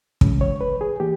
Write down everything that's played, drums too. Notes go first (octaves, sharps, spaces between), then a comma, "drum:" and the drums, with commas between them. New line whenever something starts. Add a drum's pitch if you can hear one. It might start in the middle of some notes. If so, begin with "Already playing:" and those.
C#3 E3 G#3 C#4, drum: kick
C#5
B4
G#4
E3 A#3 G4